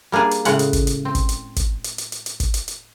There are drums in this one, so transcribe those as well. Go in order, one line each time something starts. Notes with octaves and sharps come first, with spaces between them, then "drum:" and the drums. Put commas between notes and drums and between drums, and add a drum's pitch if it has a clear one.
G3 A#3 D4 G#4
drum: hi-hat
A2 C#3 G#3 F5 F#5, drum: hi-hat
drum: hi-hat
drum: kick, hi-hat
drum: hi-hat
C4
drum: kick, hi-hat
drum: hi-hat
drum: kick, hi-hat
drum: hi-hat
drum: hi-hat
drum: hi-hat
drum: hi-hat
drum: kick, hi-hat
drum: hi-hat
drum: hi-hat